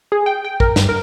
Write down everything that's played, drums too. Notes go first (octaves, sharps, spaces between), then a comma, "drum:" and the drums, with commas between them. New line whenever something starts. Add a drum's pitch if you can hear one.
G#4
G5
G5
A#4, drum: kick
G2, drum: snare
A#4